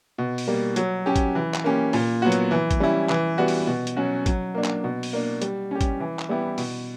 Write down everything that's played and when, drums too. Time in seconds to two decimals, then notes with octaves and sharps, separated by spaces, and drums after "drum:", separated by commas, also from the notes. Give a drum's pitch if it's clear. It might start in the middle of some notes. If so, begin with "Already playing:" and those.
0.18 B2
0.38 drum: open hi-hat
0.48 G3 A#3
0.76 F#3, drum: hi-hat
1.06 C#4 G4
1.16 drum: kick, hi-hat
1.35 E3
1.54 drum: clap
1.64 A#3 C#4 G4
1.93 A#2, drum: open hi-hat
2.22 F#3 B3 F#4
2.32 drum: hi-hat
2.51 E3
2.71 drum: kick, hi-hat
2.80 G3 C#4 E4
3.10 E3, drum: clap
3.38 G3 B3 F#4
3.48 drum: open hi-hat
3.67 B2
3.87 drum: hi-hat
3.97 F#3 C#4 F#4
4.26 F#3, drum: kick, hi-hat
4.55 A#3 D4
4.64 drum: clap
4.84 B2
5.03 drum: open hi-hat
5.13 A#3 D4
5.42 G3, drum: hi-hat
5.71 C#4 G4
5.81 drum: kick, hi-hat
6.00 E3
6.19 drum: clap
6.29 G3 B3 E4 G4
6.58 B2, drum: open hi-hat